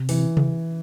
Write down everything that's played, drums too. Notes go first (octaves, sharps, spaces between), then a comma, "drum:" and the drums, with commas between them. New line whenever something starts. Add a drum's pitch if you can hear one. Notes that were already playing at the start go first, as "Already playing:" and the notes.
Already playing: C3
E3, drum: open hi-hat
drum: tom C3